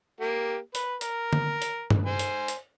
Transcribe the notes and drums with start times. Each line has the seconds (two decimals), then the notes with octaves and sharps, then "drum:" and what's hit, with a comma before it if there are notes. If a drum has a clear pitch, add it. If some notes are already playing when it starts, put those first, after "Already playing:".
0.20 A#3 G4
0.75 B4, drum: hi-hat
1.01 A#4, drum: hi-hat
1.33 drum: tom D3
1.62 drum: hi-hat
1.90 drum: tom G2
2.06 C5 G#5
2.19 drum: hi-hat
2.48 drum: hi-hat